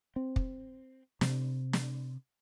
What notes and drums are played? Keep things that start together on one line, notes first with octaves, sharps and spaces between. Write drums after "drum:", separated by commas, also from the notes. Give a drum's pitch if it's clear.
C4
drum: kick
C3, drum: snare
drum: snare